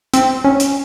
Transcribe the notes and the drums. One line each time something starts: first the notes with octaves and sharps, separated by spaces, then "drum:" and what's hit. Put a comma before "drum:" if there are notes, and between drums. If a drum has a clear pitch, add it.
C4, drum: hi-hat
C#4
drum: hi-hat